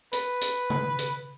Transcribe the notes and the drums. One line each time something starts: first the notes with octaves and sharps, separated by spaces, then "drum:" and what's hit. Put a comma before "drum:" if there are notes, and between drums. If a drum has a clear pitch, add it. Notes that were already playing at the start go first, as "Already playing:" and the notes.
B4, drum: hi-hat
drum: hi-hat
drum: tom
drum: hi-hat